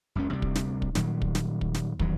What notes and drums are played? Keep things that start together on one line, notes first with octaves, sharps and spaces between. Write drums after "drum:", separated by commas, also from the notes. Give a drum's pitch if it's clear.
F#1 C#2 F#2 C#4
D2 C3 G3
drum: kick
drum: snare
drum: kick
A#2 D#3 F#3 G3, drum: snare
drum: kick
drum: snare
drum: kick
drum: snare
E2 G2 D#3 F#3, drum: kick